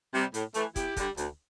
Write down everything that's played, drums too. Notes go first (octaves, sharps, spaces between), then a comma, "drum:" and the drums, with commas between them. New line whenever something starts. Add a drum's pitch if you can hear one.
C3 G3
A2, drum: hi-hat
E3 A3, drum: hi-hat
E2 E4 G4, drum: kick, hi-hat
D3 G3, drum: kick, hi-hat
D2, drum: hi-hat